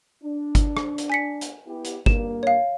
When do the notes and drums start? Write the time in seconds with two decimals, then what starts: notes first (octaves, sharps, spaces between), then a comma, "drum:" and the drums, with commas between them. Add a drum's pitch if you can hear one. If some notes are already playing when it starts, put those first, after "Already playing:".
0.22 D4
0.55 drum: kick G1, hi-hat
0.77 drum: rim click
0.98 drum: hi-hat
1.10 G#5 B6 C#7
1.41 drum: hi-hat
1.66 B3 E4 G4
1.85 drum: hi-hat
2.06 G2 A#3 E7, drum: kick G1
2.43 C#5 F5